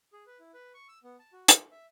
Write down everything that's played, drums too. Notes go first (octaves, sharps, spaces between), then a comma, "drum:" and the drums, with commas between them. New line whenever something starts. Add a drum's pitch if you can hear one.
G#4
B4
E4
B4
C#6
E6
B3
A5
F#4
F4, drum: hi-hat
E5